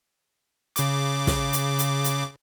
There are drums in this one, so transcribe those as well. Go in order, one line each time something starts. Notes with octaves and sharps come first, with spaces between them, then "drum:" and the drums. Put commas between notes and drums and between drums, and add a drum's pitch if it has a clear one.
C#3 D6, drum: hi-hat
drum: snare
drum: hi-hat
drum: hi-hat
drum: hi-hat